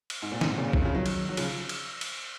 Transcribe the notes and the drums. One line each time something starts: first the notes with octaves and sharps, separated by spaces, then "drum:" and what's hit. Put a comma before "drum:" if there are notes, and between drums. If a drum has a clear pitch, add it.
drum: cymbal
G#2
A#2
G#2 C3, drum: snare
A#2 C#3
C#3
C3 D#3, drum: kick A#1
C#3 F3
D#3 F#3
drum: cymbal
F#3
C#3 F3, drum: cymbal
drum: cymbal
drum: cymbal